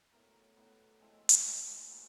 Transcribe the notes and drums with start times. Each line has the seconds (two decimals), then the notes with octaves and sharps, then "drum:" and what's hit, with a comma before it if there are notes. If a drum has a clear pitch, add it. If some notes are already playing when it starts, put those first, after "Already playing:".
0.13 A2 F#3 B3 A#4
0.56 A2 F#3 B3 B4
1.01 A2 F3 G#3 C4 A4
1.29 drum: hi-hat
1.46 A2 F3 G#3 C4
1.89 A#2 F#3 A#3